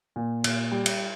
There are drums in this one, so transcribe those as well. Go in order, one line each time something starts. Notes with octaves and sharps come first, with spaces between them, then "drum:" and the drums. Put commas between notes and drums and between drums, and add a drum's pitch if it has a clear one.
A#2
A#2, drum: cymbal
G3
drum: cymbal